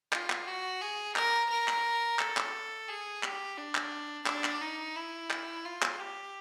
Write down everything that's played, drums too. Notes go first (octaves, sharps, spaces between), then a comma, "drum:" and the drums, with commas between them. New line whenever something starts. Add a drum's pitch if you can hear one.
F4, drum: clap
drum: clap
F#4
G#4
A#4, drum: clap
A#4
drum: clap
A4, drum: clap
drum: clap
G#4
G4, drum: clap
D4
drum: clap
D4, drum: clap
drum: clap
D#4
E4
drum: clap
F4
drum: clap
G4